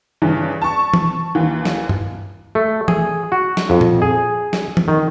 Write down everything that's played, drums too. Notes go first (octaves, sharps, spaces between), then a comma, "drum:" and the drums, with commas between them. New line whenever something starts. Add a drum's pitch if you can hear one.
G2 C#3 E3
A5 C#6
drum: tom E3
D#2 E3
drum: snare
drum: tom G2
A3
G#4, drum: tom E3
F#4
drum: snare
F2
drum: tom A#2
G#4
drum: snare
drum: tom E3
D#3